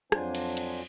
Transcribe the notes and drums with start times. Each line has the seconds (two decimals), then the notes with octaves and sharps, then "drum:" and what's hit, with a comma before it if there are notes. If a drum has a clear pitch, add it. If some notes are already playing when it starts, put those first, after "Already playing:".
0.12 F2 F#3 D4 F4 C5 G#5, drum: rim click
0.35 drum: cymbal
0.57 drum: cymbal